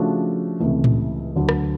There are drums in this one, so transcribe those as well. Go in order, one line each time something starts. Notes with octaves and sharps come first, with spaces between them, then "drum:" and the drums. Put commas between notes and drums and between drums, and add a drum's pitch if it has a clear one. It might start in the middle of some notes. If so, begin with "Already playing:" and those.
Already playing: C#3 F3 A3 D4 F#4
C#2 C3 E3 A3
drum: tom A2
D2 D3 F#3
drum: rim click